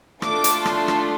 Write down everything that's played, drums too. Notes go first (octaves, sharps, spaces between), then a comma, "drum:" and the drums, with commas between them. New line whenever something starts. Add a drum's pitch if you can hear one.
A3 D4 F4 A4 D6, drum: rim click
drum: hi-hat
C6, drum: rim click
drum: rim click